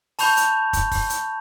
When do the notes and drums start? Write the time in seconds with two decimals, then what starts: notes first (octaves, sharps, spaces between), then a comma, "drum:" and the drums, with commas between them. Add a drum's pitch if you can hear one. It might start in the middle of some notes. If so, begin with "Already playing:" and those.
0.19 A5 B5 C#6 G6 F7, drum: open hi-hat
0.37 drum: hi-hat
0.73 drum: kick, hi-hat
0.91 drum: kick, open hi-hat
1.10 drum: hi-hat